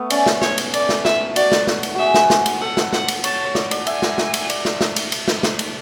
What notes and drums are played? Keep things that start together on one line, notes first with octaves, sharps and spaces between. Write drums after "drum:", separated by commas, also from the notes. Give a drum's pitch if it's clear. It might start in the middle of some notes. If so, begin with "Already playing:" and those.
Already playing: A3 B3
C#4 D5, drum: cymbal
drum: snare
C#5, drum: snare
drum: cymbal
D5, drum: cymbal
drum: snare
E5, drum: snare
F#4 D5, drum: cymbal
drum: snare
drum: snare
drum: cymbal
F#4 G#4 E5
drum: snare
drum: snare
drum: cymbal
A4 F#5
drum: snare
F#5, drum: snare
drum: cymbal
C#5 A5, drum: cymbal
C#5
D5, drum: snare
D5, drum: cymbal
E5 G#5, drum: cymbal
drum: snare
drum: snare
drum: cymbal
D5, drum: cymbal
drum: snare
drum: snare
drum: cymbal
drum: cymbal
drum: snare
drum: snare
drum: cymbal